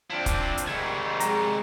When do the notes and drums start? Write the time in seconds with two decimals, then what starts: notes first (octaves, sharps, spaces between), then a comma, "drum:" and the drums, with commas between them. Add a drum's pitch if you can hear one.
0.10 F3 C4 D4 E4 D5
0.26 drum: kick, hi-hat
0.58 drum: hi-hat
0.67 G#2 C3 D#3 G3 A3 G#6
1.20 G#3 A#5, drum: hi-hat